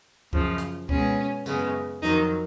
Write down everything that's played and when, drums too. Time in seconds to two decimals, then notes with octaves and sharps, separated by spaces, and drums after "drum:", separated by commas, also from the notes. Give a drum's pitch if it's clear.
0.33 F#2 C#3 F3, drum: kick D2
0.58 drum: hi-hat
0.89 B2 G#3 B3 C#4, drum: kick D2
1.46 F#2 C#3 G#3 B3, drum: tambourine
2.02 F2 D#3 F#3 D#4